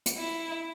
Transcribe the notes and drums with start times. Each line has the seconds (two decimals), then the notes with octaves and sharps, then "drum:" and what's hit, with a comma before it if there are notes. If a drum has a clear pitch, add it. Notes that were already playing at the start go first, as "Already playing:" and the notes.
0.06 drum: hi-hat
0.18 E4